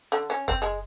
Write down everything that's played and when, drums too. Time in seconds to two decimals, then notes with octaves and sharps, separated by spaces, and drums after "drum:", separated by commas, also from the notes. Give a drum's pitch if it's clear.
0.12 D3
0.30 C#4
0.48 C4, drum: kick F#1
0.62 G#3